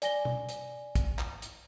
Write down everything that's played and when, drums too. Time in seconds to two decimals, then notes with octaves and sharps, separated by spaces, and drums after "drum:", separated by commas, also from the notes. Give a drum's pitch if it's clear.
0.02 D5 G#5 A#6 G7, drum: hi-hat
0.25 drum: tom B2
0.49 drum: hi-hat
0.95 drum: kick, hi-hat
1.19 drum: clap
1.42 drum: hi-hat